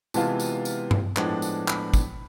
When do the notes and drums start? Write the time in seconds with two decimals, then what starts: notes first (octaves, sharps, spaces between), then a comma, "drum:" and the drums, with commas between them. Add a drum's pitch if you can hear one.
0.14 C3 E3 G#3 B3 F4 A5, drum: tambourine
0.40 drum: tambourine
0.65 drum: tambourine
0.91 drum: tom G2
1.16 A2 F3 G#3 B3 D4, drum: clap
1.42 drum: tambourine
1.68 B5, drum: clap
1.94 drum: kick, tambourine